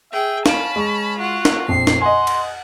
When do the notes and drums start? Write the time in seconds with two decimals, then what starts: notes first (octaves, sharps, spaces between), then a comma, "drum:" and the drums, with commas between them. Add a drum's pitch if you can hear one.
0.12 G#4 E5 G5
0.46 C#4 F5 A5 B5 D7, drum: snare
0.76 G#3 C#6
1.18 F4 F#4 F#5
1.45 drum: snare
1.68 A#1 F2 C7
1.87 drum: snare
2.02 D#5 F#5 G#5 C6
2.27 drum: cymbal